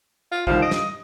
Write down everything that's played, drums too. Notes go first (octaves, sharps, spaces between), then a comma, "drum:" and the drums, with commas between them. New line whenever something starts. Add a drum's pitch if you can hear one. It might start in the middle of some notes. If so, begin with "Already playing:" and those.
F4
C2 D#3 F3 F4, drum: kick
D#5 D7
drum: snare